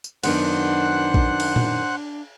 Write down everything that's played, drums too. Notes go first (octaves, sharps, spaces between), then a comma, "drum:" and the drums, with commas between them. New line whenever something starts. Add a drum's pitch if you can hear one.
drum: tambourine
F#2 D#3 B3 D4 C5 F#5 F#6, drum: cymbal
drum: kick A#1
drum: cymbal
drum: tom A#2